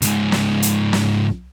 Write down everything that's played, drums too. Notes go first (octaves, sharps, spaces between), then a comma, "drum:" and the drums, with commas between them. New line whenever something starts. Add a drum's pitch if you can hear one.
C#2 G#2, drum: hi-hat
drum: snare
drum: hi-hat
drum: snare